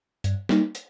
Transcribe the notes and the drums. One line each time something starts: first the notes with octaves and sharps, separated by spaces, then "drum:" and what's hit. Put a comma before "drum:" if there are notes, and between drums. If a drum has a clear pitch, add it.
G2, drum: hi-hat
G3 A#3 D#4, drum: snare
drum: hi-hat